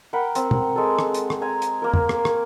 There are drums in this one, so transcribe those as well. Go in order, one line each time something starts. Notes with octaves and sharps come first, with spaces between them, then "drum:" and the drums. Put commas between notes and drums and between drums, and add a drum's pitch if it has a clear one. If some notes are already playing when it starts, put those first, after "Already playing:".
A#4 F#5 G5 B5
C4, drum: hi-hat
drum: tom
G#3 A4
drum: rim click
drum: hi-hat
drum: rim click
G#5 A#5
drum: hi-hat
A#3 A#4
drum: tom F2
drum: rim click
drum: rim click